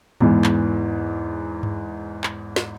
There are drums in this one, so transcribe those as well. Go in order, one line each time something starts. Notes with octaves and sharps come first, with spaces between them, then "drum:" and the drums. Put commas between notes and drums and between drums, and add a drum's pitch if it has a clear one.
E2 G#2 E3, drum: tom A2
drum: clap
drum: tom G2
drum: clap
drum: snare